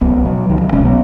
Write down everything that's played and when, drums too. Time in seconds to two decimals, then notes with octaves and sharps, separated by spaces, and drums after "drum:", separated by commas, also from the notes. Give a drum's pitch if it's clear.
0.01 C#2 F#3 B3, drum: kick
0.25 B2 F#3
0.49 C#2 D#3
0.61 F#3
0.73 B2 G#3 C#4, drum: kick
0.85 F#3 B3